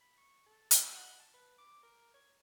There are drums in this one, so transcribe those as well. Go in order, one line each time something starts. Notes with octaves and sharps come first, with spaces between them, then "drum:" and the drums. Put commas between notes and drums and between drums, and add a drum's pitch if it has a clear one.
B5
C#6
A4
E5, drum: hi-hat
F#5
A5
B4
D6
A#4
C#5